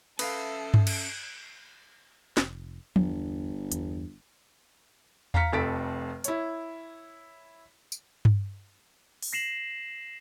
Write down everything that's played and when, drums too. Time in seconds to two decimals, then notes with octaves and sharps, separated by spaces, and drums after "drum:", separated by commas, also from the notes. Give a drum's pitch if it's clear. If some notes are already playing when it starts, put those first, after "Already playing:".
0.19 C#4 A4 B4 E5 F5 D#6 C7, drum: cymbal
0.74 drum: tom G2
0.87 drum: cymbal
2.37 F1, drum: snare
2.96 G1 E2 D4, drum: tom
3.72 E2 G2, drum: hi-hat
5.34 F5 A#5 F6 B6 C#7, drum: tom E2
5.53 F1 F2 A4 A6 B6 D7
6.24 E4 C#5, drum: hi-hat
7.92 drum: tambourine
8.25 drum: tom G2
9.22 drum: open hi-hat
9.33 A#6 C7 E7 F#7